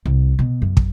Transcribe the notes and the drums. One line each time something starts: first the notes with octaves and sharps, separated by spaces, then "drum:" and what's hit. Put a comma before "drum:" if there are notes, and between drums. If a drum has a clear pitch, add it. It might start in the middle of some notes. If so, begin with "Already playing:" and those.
C2
B2
F#2
drum: kick